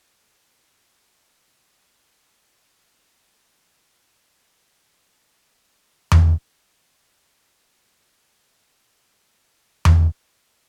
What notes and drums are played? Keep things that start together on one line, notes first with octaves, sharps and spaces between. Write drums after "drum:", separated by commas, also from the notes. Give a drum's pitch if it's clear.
G4
D4
F4
F4
D#4
B3
G4
E4 G4 G#4
drum: tom E2
F#5
A5 C#7
drum: tom E2